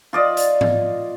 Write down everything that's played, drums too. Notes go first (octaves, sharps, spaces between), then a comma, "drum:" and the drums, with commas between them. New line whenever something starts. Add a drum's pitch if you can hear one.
F4 D5 D#5
drum: hi-hat
drum: tom